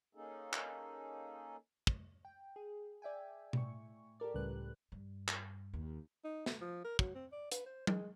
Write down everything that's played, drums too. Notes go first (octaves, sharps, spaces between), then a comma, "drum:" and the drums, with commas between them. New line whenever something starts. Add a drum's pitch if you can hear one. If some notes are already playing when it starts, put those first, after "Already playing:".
A#3 C#4 D#4 G#4 A4
drum: clap
drum: kick
G5
G#4
D5 E5 G5 G#5
A2 C#6, drum: tom B2
G4 A4 A#4 D5
C#2 A2 C#3 G3 B4 F#6
G2
drum: clap
D#2
D#4
A3, drum: snare
F3
A#4
F#3, drum: kick
C4
D5
B4, drum: hi-hat
C5
G#3, drum: tom F#3